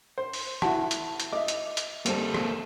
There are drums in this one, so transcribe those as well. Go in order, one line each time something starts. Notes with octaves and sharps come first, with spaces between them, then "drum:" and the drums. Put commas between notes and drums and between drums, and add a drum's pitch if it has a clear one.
C5
drum: open hi-hat
E4 F#4 A5, drum: rim click
drum: hi-hat
drum: hi-hat
D#5 E5 D6
drum: hi-hat
drum: hi-hat
G3 A#3 C4 A4, drum: hi-hat
drum: rim click